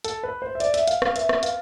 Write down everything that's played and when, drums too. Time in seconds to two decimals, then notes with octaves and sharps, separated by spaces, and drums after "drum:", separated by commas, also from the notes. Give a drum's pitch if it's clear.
0.04 A4, drum: hi-hat
0.23 B4
0.42 C5
0.55 E5
0.60 D5, drum: hi-hat
0.74 E5, drum: hi-hat
0.87 F5, drum: hi-hat
1.02 F5, drum: rim click
1.16 E5, drum: hi-hat
1.29 drum: rim click
1.43 F5, drum: hi-hat